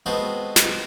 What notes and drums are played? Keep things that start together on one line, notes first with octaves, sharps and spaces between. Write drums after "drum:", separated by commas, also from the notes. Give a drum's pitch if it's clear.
G#3 B3 C4 F4 F#4 A4
drum: snare